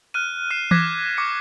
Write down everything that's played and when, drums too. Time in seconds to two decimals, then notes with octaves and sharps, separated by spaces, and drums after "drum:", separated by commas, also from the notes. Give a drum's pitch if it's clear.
0.14 F6 F#6 D#7
0.51 F6 C7 E7
0.71 D6 F#6 G#6 A#6 B6, drum: tom E3
1.17 C#6 D6 C#7